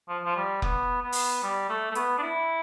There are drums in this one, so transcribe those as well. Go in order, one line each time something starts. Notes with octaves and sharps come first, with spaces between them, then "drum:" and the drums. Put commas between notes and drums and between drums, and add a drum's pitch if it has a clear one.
F3
F3
G3
B3, drum: kick F1
B3
drum: open hi-hat
G3
A3
A3
B3, drum: hi-hat
D4
E4